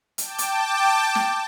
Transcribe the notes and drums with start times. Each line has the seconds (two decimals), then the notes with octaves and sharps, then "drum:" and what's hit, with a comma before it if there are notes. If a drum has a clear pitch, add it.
0.18 G5 A5 D6, drum: hi-hat
0.38 drum: hi-hat
1.15 drum: snare